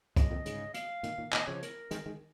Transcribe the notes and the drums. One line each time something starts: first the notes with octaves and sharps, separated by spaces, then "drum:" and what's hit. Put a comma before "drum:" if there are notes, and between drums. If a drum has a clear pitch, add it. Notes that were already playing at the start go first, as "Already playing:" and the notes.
G#2 C#3 D#5, drum: kick, hi-hat
F2 A#2
G#2 C#3, drum: hi-hat
F5, drum: hi-hat
A#2 D#3, drum: hi-hat
A#2 D#3
A#2 D#3 D#5, drum: clap
C#3 F3 C#5
A#4, drum: hi-hat
D#3 G#3, drum: hi-hat
D#3 G#3